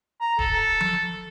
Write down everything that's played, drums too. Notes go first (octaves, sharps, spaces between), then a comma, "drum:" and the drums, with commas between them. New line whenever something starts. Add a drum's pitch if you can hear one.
A#5
A4, drum: kick D1
drum: tom F3